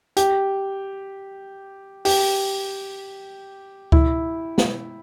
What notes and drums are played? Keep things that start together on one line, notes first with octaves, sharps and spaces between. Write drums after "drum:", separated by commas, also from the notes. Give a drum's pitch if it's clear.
G4, drum: hi-hat
G4, drum: open hi-hat
E4, drum: kick C#2
drum: snare